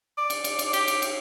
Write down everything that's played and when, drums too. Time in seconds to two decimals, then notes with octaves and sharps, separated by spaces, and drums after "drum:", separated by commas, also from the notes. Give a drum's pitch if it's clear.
0.18 D5
0.30 drum: cymbal
0.44 drum: cymbal
0.59 drum: cymbal
0.73 G4, drum: cymbal
0.88 drum: cymbal
1.02 drum: cymbal